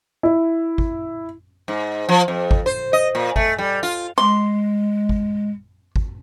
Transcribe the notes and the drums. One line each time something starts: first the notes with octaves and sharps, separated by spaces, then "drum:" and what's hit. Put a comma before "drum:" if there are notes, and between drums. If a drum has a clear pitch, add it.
E4
drum: kick
G#2
F3
F2
drum: kick
C5
D#5
A#2
A3, drum: kick
G3
F4
G#3 C6
drum: kick
drum: kick